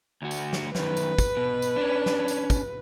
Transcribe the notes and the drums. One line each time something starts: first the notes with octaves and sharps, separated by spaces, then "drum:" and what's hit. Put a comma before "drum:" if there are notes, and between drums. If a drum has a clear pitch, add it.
D2 F#4
drum: tambourine
drum: snare
F#2 D#3 B4, drum: snare
drum: tambourine
drum: kick, tambourine
B2
drum: tambourine
C#4 D4
drum: snare
drum: tambourine
drum: kick, tambourine